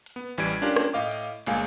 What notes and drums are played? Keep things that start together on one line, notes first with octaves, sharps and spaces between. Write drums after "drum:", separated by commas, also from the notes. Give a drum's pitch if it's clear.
drum: hi-hat
B3
A1 E3 G3 G#6 D7
C#4 D4 F4 G4 A#4
drum: rim click
A2 D#5 F5 D6
drum: hi-hat
G1 A#2 G#3 F5 G#5, drum: hi-hat